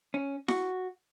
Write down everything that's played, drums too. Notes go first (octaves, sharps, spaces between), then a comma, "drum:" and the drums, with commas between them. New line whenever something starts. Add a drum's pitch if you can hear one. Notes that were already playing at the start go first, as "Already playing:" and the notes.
C#4
F#4, drum: snare E4